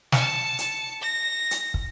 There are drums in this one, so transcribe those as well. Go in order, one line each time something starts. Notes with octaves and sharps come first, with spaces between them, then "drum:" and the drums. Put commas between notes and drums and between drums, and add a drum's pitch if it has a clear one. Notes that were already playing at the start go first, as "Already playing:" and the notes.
A5 C#7, drum: snare
drum: hi-hat
A#6
drum: hi-hat
drum: kick